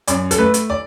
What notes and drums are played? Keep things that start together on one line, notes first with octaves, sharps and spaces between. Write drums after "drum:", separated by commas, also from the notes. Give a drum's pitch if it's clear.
F#2 D5, drum: hi-hat
A4, drum: hi-hat
A3 B4
drum: hi-hat
D5